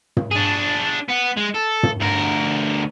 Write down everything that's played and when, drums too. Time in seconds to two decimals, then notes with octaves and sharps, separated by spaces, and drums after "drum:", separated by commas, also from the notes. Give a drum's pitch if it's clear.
0.17 drum: tom
0.31 D4 G#4
1.09 B3
1.37 G#3
1.55 A4
1.83 drum: tom
2.00 D2 A#4